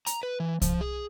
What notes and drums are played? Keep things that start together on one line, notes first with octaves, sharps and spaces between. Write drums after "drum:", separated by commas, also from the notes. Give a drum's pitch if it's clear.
A#5, drum: hi-hat
B4
E3
F3, drum: kick C2, hi-hat
G#4